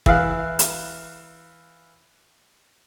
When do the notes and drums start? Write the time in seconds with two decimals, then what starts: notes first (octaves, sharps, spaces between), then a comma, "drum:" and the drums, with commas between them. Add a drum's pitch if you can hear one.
0.06 E3 E5 F5 F#6, drum: kick
0.59 drum: hi-hat